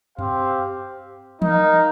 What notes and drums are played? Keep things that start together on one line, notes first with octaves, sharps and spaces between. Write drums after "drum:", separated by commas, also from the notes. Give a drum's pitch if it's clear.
C4 G4 C5 F5, drum: tom F#2
D#4 A#4 F5, drum: tom E3